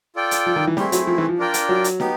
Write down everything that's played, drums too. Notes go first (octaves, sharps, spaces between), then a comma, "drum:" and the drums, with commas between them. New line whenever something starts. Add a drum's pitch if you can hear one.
F4 A4 D5 G5
drum: hi-hat
F3
D#3
E3
G3 A3 C4 E4 G#4, drum: snare
F#3, drum: hi-hat
F3
E3
F3
D4 F4 A#4 D5 G5
drum: hi-hat
F#3
drum: hi-hat
B3 D#4 G4, drum: snare